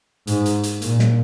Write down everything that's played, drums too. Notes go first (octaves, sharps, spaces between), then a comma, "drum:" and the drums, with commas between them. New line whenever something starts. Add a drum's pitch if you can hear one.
G#2, drum: hi-hat
drum: hi-hat
drum: hi-hat
A#2, drum: hi-hat
drum: snare